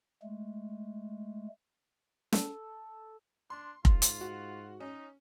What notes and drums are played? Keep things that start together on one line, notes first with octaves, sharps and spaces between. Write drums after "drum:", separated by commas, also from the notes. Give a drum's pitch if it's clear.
G#3 A3
A4, drum: snare
D4 C6
G#2 F4, drum: kick F1
drum: hi-hat
F#4
C#4 D#4